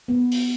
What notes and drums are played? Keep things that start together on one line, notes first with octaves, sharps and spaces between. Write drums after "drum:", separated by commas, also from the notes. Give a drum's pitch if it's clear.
B3
drum: open hi-hat